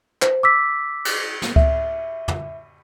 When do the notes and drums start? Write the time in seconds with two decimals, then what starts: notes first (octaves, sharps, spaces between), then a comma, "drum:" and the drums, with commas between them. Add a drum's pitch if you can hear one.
0.22 C5, drum: clap
0.43 D6 E6 B6
1.05 drum: cymbal
1.42 drum: snare
1.56 E5, drum: kick C#2
2.28 drum: tom